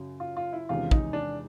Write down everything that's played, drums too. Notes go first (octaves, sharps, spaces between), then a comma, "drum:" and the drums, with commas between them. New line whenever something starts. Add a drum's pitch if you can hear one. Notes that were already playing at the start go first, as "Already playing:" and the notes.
Already playing: F#2 C#3
F4
F4
E4
E2 C3 D#3 G#3 C#4 F4
D#4, drum: kick
D4